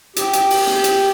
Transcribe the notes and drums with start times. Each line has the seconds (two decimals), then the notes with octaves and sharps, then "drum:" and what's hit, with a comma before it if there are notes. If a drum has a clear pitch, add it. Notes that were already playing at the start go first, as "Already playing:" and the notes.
0.16 G4, drum: hi-hat
0.33 drum: hi-hat
0.50 drum: open hi-hat
0.67 drum: snare
0.84 drum: hi-hat